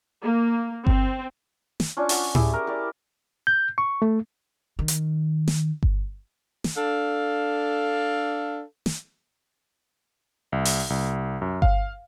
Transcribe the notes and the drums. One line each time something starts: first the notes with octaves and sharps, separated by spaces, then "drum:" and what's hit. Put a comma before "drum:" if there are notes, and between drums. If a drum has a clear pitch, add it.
A#3
C4, drum: kick G1
drum: snare
C#4 D4 F4
C#5 F#5 A5, drum: open hi-hat
E4 G4 G#4, drum: tom A2
A#4
G4 D5
G6
C#6
A3
D#3
drum: hi-hat
drum: snare
drum: kick G1
drum: snare
D4 A4 F5
drum: snare
C2
drum: open hi-hat
C2
F#2
F5, drum: kick G1